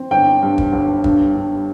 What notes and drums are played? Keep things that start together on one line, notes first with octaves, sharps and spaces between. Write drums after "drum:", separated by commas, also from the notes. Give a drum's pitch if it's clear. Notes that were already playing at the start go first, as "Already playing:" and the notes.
Already playing: C4
G1 G5
G2
drum: kick
G1
G2, drum: kick
G2